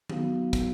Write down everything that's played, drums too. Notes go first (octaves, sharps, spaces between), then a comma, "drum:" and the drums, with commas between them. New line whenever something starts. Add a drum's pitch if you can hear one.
F#3 B3 D#4 F#4 F5, drum: tom D#3
drum: kick, hi-hat